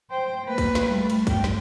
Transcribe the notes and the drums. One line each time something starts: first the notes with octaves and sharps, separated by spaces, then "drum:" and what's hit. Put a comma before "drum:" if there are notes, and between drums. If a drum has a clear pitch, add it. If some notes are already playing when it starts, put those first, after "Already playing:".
C5 G5
A#3 B4
drum: kick, cymbal
drum: snare
G3 A3
drum: cymbal
G2 G5, drum: kick, cymbal
drum: snare